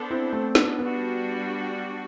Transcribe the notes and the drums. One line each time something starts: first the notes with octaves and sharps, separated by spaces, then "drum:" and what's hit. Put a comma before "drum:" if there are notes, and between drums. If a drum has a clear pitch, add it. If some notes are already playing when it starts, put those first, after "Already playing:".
Already playing: B3 D4 A4 C5
C4 E4
A3 C4
B3 D4, drum: snare
G3 B3 D4 F#4